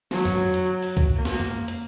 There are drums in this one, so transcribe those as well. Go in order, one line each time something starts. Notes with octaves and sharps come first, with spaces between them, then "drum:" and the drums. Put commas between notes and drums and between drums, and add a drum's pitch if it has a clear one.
F#3, drum: snare
drum: tom F2
drum: hi-hat
drum: open hi-hat
drum: kick
A#3
drum: snare
drum: tom F2
drum: hi-hat